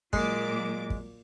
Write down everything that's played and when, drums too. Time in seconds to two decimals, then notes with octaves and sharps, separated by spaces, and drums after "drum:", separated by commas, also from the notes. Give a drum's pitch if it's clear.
0.13 A#2 F#3 G#3 D6, drum: kick
0.90 drum: kick